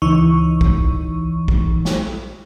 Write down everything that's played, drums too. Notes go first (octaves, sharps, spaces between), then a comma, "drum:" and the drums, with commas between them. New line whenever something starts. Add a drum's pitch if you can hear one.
C#2 E3 D#4 C#6
drum: kick A#1
drum: kick A#1
drum: snare